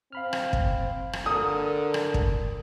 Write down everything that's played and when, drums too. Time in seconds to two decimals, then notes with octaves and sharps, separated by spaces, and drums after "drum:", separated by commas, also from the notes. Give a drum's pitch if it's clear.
0.12 C4 F5 B5 F6
0.33 drum: rim click
0.53 drum: kick
1.13 drum: rim click
1.26 D3 A4 A#4 D#6
1.94 drum: rim click
2.14 drum: kick